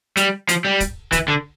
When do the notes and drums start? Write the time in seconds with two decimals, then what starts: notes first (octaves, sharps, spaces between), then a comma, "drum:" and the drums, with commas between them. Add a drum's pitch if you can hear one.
0.17 G3, drum: hi-hat
0.49 F3, drum: hi-hat
0.65 G3
0.80 drum: kick, hi-hat
1.12 E3, drum: kick, hi-hat
1.28 D3